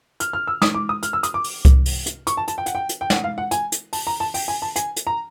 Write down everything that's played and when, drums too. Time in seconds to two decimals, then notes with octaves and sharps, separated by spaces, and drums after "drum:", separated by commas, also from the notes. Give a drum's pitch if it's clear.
0.20 F6, drum: hi-hat
0.33 F6
0.47 E6
0.62 D#6, drum: snare
0.75 D6
0.89 D#6
1.03 F6, drum: hi-hat
1.13 E6
1.23 D#6, drum: hi-hat
1.34 D6
1.44 drum: open hi-hat
1.65 drum: kick C2, hi-hat
1.86 drum: open hi-hat
2.06 drum: hi-hat
2.27 C#6, drum: hi-hat
2.37 A5
2.48 A5, drum: hi-hat
2.58 G5
2.66 F#5, drum: hi-hat
2.75 G5
2.89 drum: hi-hat
3.01 G5
3.10 F#5, drum: snare
3.24 F5
3.38 F#5
3.51 G#5, drum: hi-hat
3.72 drum: hi-hat
3.93 A5, drum: open hi-hat
4.07 A#5
4.20 A5
4.34 G5, drum: open hi-hat
4.48 G#5
4.62 A5
4.76 G#5, drum: hi-hat
4.96 drum: hi-hat
5.07 A#5